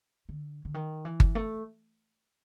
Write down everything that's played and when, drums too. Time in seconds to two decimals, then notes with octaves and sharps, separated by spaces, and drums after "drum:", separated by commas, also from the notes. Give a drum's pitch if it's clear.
0.29 D3
0.65 D3
0.74 D#3
1.05 E3
1.20 drum: kick G1
1.35 A3